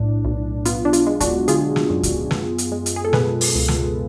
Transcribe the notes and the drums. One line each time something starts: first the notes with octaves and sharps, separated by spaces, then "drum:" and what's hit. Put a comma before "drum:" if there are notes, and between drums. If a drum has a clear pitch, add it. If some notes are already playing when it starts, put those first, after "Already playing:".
Already playing: B1 A2 D4
B1
B3 F4, drum: hi-hat
D4
F4, drum: hi-hat
G#3
D4 F#4, drum: kick D2, hi-hat
D3 F4 G#4, drum: hi-hat
drum: snare
F#2
drum: kick D2, hi-hat
B3, drum: snare
drum: hi-hat
G#3
drum: hi-hat
G#4
A4
B2 G#4 B4, drum: snare
drum: open hi-hat
C#2
drum: snare